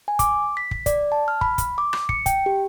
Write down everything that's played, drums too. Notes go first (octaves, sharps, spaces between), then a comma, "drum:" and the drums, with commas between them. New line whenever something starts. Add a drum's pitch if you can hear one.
G#5
D6, drum: kick, hi-hat
B6
drum: kick
D5, drum: kick, hi-hat
A5
F6
B5, drum: kick
drum: kick, hi-hat
D6
drum: rim click
C#7, drum: kick
G5, drum: kick, hi-hat
G4